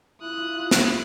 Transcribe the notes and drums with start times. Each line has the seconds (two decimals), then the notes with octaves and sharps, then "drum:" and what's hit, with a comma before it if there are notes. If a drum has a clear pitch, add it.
0.21 E4 F4 D#6 F#6
0.71 drum: snare